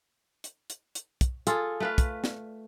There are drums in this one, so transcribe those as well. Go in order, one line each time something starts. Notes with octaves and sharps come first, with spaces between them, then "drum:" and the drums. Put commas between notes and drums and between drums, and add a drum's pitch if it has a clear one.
drum: hi-hat
drum: hi-hat
drum: hi-hat
drum: kick, hi-hat
F4 G#4 A4, drum: hi-hat
A3 B4 F5
drum: kick, hi-hat
drum: snare